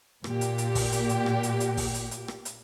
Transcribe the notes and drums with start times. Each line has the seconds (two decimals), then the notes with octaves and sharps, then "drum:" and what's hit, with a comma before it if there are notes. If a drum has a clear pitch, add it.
0.24 A#2 G4, drum: rim click
0.41 drum: hi-hat
0.58 drum: hi-hat
0.75 drum: kick, open hi-hat
0.92 drum: hi-hat
1.09 drum: hi-hat
1.26 drum: rim click
1.43 drum: hi-hat
1.60 drum: hi-hat
1.77 drum: kick, open hi-hat
1.94 drum: hi-hat
2.11 drum: hi-hat
2.28 drum: rim click
2.45 drum: hi-hat